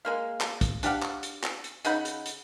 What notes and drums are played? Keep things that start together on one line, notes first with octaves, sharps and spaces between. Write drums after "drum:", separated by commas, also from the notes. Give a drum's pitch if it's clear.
G#3 A#3 F5
drum: clap
drum: kick, hi-hat
D4 G4 F5 F#5, drum: hi-hat
drum: clap
drum: hi-hat
drum: clap
drum: hi-hat
C#3 D#4 F#5 B5, drum: hi-hat
drum: hi-hat
drum: hi-hat